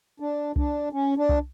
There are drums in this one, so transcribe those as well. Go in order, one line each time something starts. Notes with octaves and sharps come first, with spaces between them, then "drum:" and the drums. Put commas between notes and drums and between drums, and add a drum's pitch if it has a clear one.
D4
D4, drum: kick C2
C#4
D4
drum: kick C2